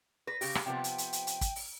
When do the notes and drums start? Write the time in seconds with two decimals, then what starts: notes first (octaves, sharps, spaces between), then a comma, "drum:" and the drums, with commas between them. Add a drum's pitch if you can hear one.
0.27 B4 A#6
0.41 C#3 G4, drum: open hi-hat
0.55 drum: rim click
0.66 C3 F3 B3 G5
0.84 drum: hi-hat
0.98 drum: hi-hat
1.13 drum: hi-hat
1.27 drum: hi-hat
1.41 drum: kick, hi-hat
1.56 drum: open hi-hat